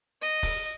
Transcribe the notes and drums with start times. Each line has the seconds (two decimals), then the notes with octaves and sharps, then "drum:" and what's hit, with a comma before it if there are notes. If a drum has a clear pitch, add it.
0.22 D#5
0.43 drum: kick, open hi-hat